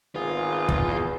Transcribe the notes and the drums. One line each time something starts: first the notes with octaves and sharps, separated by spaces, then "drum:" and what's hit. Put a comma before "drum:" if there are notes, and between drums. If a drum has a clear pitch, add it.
G#1 B3 F4 G#4
drum: kick
E2